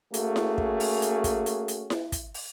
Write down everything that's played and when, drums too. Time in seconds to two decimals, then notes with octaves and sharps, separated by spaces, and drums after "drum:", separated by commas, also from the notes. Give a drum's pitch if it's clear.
0.14 A3 A#3 C#4 F#4 G#4, drum: hi-hat
0.36 drum: snare E4
0.58 drum: kick
0.80 drum: open hi-hat
1.02 drum: hi-hat
1.24 drum: kick, hi-hat
1.46 drum: hi-hat
1.68 drum: hi-hat
1.90 drum: snare E4
2.12 drum: kick, hi-hat
2.34 drum: open hi-hat